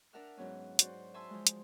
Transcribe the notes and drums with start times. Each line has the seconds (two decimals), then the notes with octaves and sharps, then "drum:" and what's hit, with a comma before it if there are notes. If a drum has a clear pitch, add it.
0.13 D4 A#4 E5 F#5 A5 F6
0.37 G#2 F#3 B3 C#4
0.79 F#4 C5 D5, drum: hi-hat
1.14 E5 G#5 A5 C6 E6
1.30 F3 G#3
1.47 drum: hi-hat